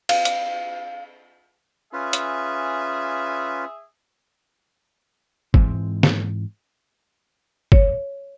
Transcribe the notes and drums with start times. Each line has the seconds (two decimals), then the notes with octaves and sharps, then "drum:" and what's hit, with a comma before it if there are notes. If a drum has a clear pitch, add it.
0.09 F5, drum: cymbal
0.25 drum: hi-hat
1.93 C#4 F4 G#4 B4 E5
2.13 drum: hi-hat
5.54 G#2 E3 G#3 C4, drum: kick
6.03 drum: snare
7.72 C#5, drum: kick